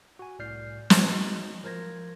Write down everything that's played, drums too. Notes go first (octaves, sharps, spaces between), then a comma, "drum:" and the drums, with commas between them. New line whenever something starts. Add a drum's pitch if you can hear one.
F#4 G#5
C2 A2 D5 F6 G6 C7
F#3 C#4 E4 F#4, drum: snare
G#3 D#4 F#4
F3 A#4 C5 G#6 A#6